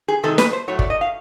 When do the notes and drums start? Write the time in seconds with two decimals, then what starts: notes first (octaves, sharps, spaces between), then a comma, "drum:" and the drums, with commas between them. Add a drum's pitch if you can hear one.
0.08 G#4
0.23 C3 D#3 G#3 A4
0.38 B4, drum: snare
0.53 C5
0.68 A2 F#3 A3 C#5
0.79 D5, drum: kick
0.90 D#5
1.01 F5